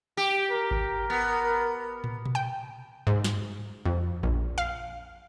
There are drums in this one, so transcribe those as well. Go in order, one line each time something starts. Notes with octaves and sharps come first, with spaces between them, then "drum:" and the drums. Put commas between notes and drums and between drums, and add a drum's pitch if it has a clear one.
G4
A#4
drum: kick G#1
B3
drum: tom
drum: tom A#2
G5
G#2
drum: snare
F2
A#1
F5